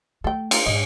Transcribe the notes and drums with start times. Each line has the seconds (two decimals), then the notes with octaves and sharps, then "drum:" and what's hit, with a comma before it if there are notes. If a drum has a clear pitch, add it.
0.24 A3 A4 G5
0.51 C4 F4 A#4, drum: cymbal
0.66 G#2 D#5